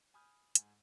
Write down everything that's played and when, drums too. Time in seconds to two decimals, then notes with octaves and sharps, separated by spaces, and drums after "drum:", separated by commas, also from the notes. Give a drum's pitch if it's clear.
0.14 G#5 B5 D#6 F6 G6
0.55 G#2 G#5, drum: hi-hat